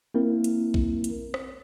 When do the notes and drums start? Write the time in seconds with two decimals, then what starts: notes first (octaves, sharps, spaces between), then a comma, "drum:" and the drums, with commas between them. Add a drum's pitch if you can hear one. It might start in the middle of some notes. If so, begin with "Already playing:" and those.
0.14 A#3 C4 E4 A#4
0.44 drum: hi-hat
0.74 drum: kick A#1
1.04 drum: hi-hat
1.34 drum: rim click